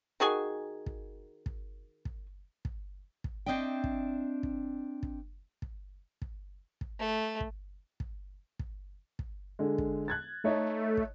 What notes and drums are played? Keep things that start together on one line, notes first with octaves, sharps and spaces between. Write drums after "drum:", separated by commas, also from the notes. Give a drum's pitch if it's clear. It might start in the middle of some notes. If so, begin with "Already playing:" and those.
D#3 F#4 G#4 G#5
drum: kick
drum: kick
drum: kick
drum: kick
drum: kick
C4 D4 D#5 E5 G5
drum: kick
drum: kick
drum: kick
drum: kick
drum: kick
drum: kick
A3
drum: kick
drum: kick
drum: kick
drum: kick
D3 G#3
drum: kick
F#6 G#6 A6
A3 D#4 C#5 D#5
drum: kick